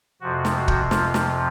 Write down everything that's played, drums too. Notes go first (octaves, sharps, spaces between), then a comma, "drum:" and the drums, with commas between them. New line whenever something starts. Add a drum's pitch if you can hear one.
F2 C3 F3 F#4
drum: snare
F#4
drum: kick
F4, drum: snare
drum: snare